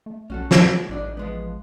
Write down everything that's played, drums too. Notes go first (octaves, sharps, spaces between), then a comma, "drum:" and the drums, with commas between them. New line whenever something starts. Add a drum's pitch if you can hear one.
A3
B1 C#4 F#4 A4
F#3 A3, drum: snare
A1 G#2 D4 D#4
F3 G#3 B3